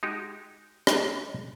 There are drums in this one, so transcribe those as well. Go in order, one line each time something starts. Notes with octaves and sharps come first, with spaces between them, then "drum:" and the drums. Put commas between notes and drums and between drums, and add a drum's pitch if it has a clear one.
G#3 D#4 F#4 G4
drum: rim click